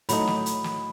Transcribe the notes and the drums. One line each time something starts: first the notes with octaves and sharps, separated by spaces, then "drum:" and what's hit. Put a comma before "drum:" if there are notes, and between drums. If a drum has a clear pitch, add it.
A2 F#3 A3 D#4 B5, drum: hi-hat
drum: snare
drum: hi-hat
drum: snare